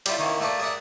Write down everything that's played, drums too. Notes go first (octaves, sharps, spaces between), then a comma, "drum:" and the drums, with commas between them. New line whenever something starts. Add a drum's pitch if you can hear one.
G3 E4 F4, drum: cymbal
D#3 E3 A#3 C#4
A3 A#3 A4 B4 D5
G#4 A#4 D5 E5 F#5